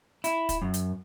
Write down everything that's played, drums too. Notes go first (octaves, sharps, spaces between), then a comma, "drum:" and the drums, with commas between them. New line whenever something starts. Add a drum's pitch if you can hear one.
E4, drum: hi-hat
drum: kick, hi-hat
F#2
drum: hi-hat